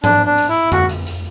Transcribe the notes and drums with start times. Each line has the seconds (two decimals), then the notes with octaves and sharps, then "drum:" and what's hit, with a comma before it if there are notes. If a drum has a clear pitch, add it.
0.04 D4, drum: tom G#2
0.26 D4
0.38 drum: hi-hat
0.49 E4
0.72 F#4, drum: tom F2
0.89 drum: hi-hat
1.06 drum: hi-hat